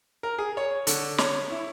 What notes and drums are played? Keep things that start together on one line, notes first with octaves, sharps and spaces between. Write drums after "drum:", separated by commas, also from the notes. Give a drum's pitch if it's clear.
A#4
G#4
C#5
D3, drum: hi-hat
C#5, drum: snare
E4